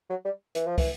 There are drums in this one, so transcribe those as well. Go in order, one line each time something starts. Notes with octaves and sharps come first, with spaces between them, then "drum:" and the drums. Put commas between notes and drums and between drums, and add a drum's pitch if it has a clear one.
F#3
G3
E3, drum: hi-hat
F3
E3, drum: kick, open hi-hat